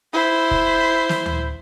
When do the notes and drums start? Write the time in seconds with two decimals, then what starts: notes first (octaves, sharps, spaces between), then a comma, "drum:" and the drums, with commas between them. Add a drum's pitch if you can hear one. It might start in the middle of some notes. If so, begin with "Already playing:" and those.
0.13 E4 C5
0.51 drum: kick F1
1.09 drum: snare
1.26 drum: tom D2